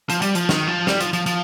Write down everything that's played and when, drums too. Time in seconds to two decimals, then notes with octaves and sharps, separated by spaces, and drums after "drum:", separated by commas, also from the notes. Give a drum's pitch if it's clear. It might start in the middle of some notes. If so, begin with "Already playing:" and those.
0.10 F3, drum: hi-hat
0.22 G3, drum: hi-hat
0.35 F3, drum: hi-hat
0.49 D#3, drum: snare
0.67 F3
0.87 G3, drum: snare
1.01 F3, drum: hi-hat
1.13 F3, drum: hi-hat
1.26 F3, drum: hi-hat